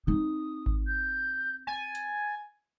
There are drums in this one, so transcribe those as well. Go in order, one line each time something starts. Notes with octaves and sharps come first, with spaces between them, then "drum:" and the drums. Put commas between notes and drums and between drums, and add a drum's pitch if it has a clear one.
C4 D#4 D#6
drum: kick G#1
G6
G#5 A6
drum: hi-hat